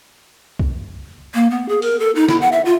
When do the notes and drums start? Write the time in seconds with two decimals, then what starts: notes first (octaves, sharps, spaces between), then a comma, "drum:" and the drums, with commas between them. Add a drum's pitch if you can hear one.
0.59 drum: kick
1.34 A#3
1.50 B3
1.69 G#4
1.82 A#4, drum: open hi-hat
1.99 A4
2.15 D#4
2.28 E4, drum: snare
2.41 F#5
2.52 E5
2.65 F4